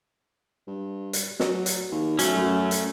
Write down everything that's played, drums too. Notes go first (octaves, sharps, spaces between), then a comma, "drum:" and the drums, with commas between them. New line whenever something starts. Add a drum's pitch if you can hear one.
G2
drum: hi-hat
F#3, drum: snare
drum: hi-hat
D#2
F#3 A3 C#4, drum: hi-hat
F#2
drum: hi-hat